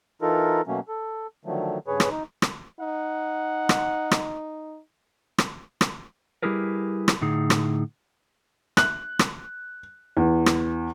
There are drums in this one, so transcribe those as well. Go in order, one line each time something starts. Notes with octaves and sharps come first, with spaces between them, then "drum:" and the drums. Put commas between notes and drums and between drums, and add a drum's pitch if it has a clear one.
E3 D#4 F4 A4 A#4
B2 F#3 A3 A#3 C#4
A4
D3 D#3 F3 F#3 A3
G2 C#3 G#4 B4 C#5
drum: rim click
D#4
drum: rim click
D#4 F#5
drum: rim click
drum: rim click
drum: rim click
drum: rim click
G3 E4 G4 G#4 A#4 B4
drum: rim click
A2 D3 D#4 G#4
drum: rim click
F#6, drum: rim click
drum: rim click
E2
drum: rim click